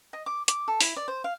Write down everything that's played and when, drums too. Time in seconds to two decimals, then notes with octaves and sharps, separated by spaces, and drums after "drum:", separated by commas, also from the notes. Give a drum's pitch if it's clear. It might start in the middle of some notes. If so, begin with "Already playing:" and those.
0.13 D#5
0.26 D6
0.48 D6, drum: hi-hat
0.68 A4
0.81 E4, drum: open hi-hat
0.96 D5
1.08 C5
1.24 F5